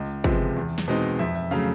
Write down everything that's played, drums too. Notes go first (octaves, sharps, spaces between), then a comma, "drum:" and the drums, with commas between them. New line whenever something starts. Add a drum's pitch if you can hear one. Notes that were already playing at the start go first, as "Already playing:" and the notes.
Already playing: C#2 D#5
C3 F3 G#3 B3, drum: kick
E2
drum: snare
B2 G#3 C4 D#4
F2 E5
E5
C#3 F#3 A3 F5